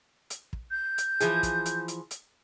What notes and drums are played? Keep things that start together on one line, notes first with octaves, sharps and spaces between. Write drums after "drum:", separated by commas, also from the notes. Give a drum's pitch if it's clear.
drum: hi-hat
drum: kick
G6
drum: hi-hat
E3 F3 G#4, drum: hi-hat
drum: kick, hi-hat
drum: hi-hat
drum: hi-hat
drum: hi-hat